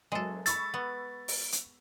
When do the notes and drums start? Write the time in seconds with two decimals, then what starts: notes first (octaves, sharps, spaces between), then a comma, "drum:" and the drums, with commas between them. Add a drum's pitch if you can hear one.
0.12 F#1 F#3 G#3 A4
0.46 B5 C#6 E6 A6, drum: hi-hat
0.74 B3
1.28 drum: open hi-hat
1.52 drum: hi-hat